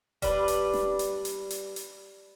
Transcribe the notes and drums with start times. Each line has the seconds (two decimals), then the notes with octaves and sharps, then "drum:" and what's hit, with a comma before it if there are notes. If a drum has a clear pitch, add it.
0.22 G3 D4 B4, drum: kick D#1, hi-hat
0.48 drum: hi-hat
0.74 drum: snare
0.99 drum: hi-hat
1.25 drum: hi-hat
1.50 drum: hi-hat
1.76 drum: hi-hat